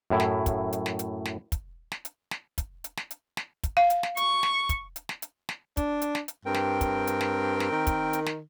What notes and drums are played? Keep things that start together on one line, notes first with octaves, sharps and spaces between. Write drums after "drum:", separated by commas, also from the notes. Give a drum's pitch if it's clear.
F#2 A2 E4
drum: snare
drum: kick, hi-hat
drum: hi-hat
drum: snare
drum: hi-hat
drum: snare
drum: kick, hi-hat
drum: snare
drum: hi-hat
drum: snare
drum: kick, hi-hat
drum: hi-hat
drum: snare
drum: hi-hat
drum: snare
drum: kick, hi-hat
F5
drum: hi-hat
drum: snare
C#6, drum: hi-hat
drum: snare
drum: kick, hi-hat
drum: hi-hat
drum: snare
drum: hi-hat
drum: snare
D4, drum: kick, hi-hat
drum: hi-hat
drum: snare
drum: hi-hat
G2 C4 A#4 G5
drum: snare
drum: kick, hi-hat
drum: hi-hat
drum: snare
drum: snare
D#3
drum: kick, hi-hat
drum: hi-hat
drum: snare